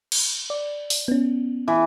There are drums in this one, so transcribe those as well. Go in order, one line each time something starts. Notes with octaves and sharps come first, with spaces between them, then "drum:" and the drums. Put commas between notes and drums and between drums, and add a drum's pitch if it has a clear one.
drum: cymbal
D5
drum: open hi-hat
B3 C#4
E3